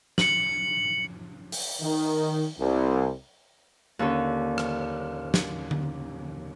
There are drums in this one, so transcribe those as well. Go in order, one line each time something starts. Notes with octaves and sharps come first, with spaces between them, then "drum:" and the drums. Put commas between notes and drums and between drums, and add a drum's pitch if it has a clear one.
C#7 F#7, drum: snare
drum: open hi-hat
D#3
C2
D#2 D3 C#4 A4
drum: rim click
drum: snare
drum: tom D3